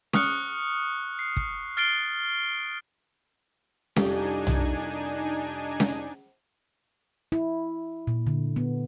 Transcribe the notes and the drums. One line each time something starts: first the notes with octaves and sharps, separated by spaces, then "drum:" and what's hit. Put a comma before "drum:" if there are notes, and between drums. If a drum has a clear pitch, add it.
C#6 D#6 F6 F#6 C#7, drum: snare C#4
C7
drum: kick
F6 A6 C7 D7 G7
C2 F2 D4 D#4 G4 G#5, drum: snare C#4
drum: tom B1
drum: snare C#4
E4
A#2
D3
B3